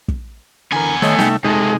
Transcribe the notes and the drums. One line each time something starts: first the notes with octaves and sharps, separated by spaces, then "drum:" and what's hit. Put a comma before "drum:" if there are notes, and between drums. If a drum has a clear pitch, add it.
drum: kick
D3 E3 B3 A#4 G#5
D#3 A3 C#5 D#5, drum: snare
C2 D#4 G5, drum: snare
C3 G#3 A3 D#4